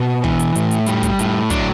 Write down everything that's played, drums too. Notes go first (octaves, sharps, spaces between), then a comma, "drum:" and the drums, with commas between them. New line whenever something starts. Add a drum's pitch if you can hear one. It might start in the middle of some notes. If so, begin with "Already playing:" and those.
Already playing: B2 A4
E3, drum: kick
drum: hi-hat
A2, drum: hi-hat
drum: hi-hat
G3, drum: hi-hat
drum: kick, hi-hat
A2, drum: hi-hat
F#3 D4, drum: kick, hi-hat